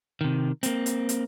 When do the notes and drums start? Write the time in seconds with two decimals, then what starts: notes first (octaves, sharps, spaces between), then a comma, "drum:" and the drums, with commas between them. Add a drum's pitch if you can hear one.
0.21 C3 D#3
0.63 A#3 C4, drum: hi-hat
0.86 drum: hi-hat
1.09 drum: hi-hat